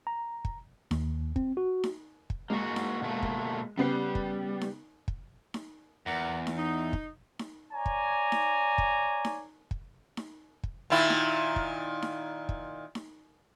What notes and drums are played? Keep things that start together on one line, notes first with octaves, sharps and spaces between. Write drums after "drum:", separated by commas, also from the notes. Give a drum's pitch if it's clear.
A#5
drum: kick
D#2, drum: snare D#4
C4, drum: kick
F#4
drum: snare D#4
drum: kick
G#3 A#3 F#4
drum: snare D#4
B2 A3 A#3
drum: kick
C#3 G3 B3 C7
drum: kick
drum: snare D#4
drum: kick
drum: snare D#4
E2 A#4 D5 F#5
drum: snare D#4
D#4
drum: kick
drum: snare D#4
C#5 D5 G#5 A#5
drum: kick
drum: snare D#4
drum: kick
drum: snare D#4
drum: kick
drum: snare D#4
drum: kick
A#2 D#3 E4
drum: snare D#4
drum: kick
drum: snare D#4
drum: kick
drum: snare D#4